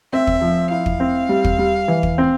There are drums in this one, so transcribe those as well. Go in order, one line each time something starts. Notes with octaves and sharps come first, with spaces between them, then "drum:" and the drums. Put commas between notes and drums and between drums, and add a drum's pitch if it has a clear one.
C4 E5
drum: kick
F3
E4 F5
drum: kick
C4
G3
drum: kick
G3
E3
drum: kick
C4